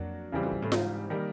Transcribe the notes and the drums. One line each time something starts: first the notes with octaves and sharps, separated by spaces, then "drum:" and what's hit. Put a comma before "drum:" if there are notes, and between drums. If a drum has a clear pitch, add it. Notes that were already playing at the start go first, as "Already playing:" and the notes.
Already playing: F2 F#3 A#3 D4 F#4
E2 C#3 E3 G3 C4
F2
G2
A2
G#2, drum: snare F4
D#3 G3 A#3